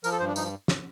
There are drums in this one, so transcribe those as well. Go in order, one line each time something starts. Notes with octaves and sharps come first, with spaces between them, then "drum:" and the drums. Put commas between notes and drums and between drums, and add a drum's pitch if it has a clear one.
F3 A#4, drum: tambourine
A4
G2 C5
D4
F3 D#4, drum: tambourine
drum: snare